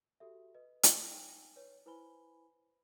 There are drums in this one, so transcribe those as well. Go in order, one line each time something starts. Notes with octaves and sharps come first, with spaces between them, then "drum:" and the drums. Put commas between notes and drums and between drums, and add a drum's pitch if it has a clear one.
F#4 G4 A4 E5
B4 D#5
drum: hi-hat
D#4 G5 G#5
B4 C#5
E4 B4 C5 G#5 B5 G7